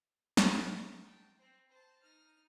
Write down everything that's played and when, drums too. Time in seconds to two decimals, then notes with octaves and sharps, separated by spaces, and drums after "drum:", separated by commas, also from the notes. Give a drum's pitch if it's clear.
0.37 drum: snare
0.53 A#5
1.05 G5 A5
1.38 C4 C5
1.69 C5 A5
2.02 D#4 F6